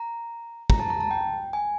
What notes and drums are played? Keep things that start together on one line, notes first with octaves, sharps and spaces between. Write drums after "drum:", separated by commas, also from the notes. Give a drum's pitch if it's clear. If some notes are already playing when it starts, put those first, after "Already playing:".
Already playing: A#5
A#5, drum: kick
A5
A#5
A5
G5
G#5